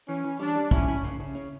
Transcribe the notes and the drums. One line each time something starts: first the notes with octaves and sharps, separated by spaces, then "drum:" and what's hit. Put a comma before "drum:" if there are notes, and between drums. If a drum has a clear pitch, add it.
E3 C#4
E3
G3 D4
G3
C#4 E4, drum: kick
E4
C#3
C#3
C#4